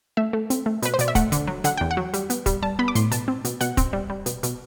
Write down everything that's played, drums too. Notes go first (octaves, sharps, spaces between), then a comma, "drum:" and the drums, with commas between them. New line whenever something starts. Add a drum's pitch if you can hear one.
A3 E5
A3
C4, drum: hi-hat
A3
B2 B4, drum: hi-hat
C5
B2 D5, drum: hi-hat
E5
A3 F#5, drum: kick, hi-hat
D3, drum: hi-hat
F#3
D3 F#5, drum: hi-hat
E2 G5
F#5
F#3
G3, drum: hi-hat
B3, drum: hi-hat
G3, drum: kick, hi-hat
G3 A5
B3 B5
D6
A2 C6, drum: hi-hat
B2 A5, drum: hi-hat
C4
B2, drum: hi-hat
B2 F#5, drum: hi-hat
C4, drum: kick, hi-hat
G3
G3
B2, drum: hi-hat
B2, drum: hi-hat